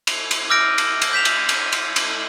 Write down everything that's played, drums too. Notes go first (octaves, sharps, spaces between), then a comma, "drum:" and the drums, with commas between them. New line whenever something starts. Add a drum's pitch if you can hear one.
F7, drum: cymbal
drum: cymbal
D6 E6 F6 G6 A#6 D7
drum: cymbal
drum: cymbal
G6 B6 E7 F7
drum: cymbal
drum: cymbal
drum: cymbal
drum: cymbal